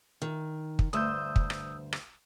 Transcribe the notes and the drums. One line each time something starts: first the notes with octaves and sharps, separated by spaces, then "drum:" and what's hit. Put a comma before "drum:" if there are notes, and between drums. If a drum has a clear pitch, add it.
D#3
drum: kick
D2 G2 C5 D#6 E6 G6
drum: kick
drum: rim click
drum: rim click